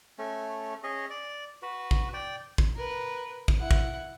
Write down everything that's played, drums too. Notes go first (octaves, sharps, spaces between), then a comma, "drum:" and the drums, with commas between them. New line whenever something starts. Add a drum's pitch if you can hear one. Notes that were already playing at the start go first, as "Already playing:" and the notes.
A3 C#4
C#4 G#4 D#5
D5
F#4 B4
drum: kick
D5 G5
drum: kick
A#4 B4
drum: kick
E4 F#5
drum: kick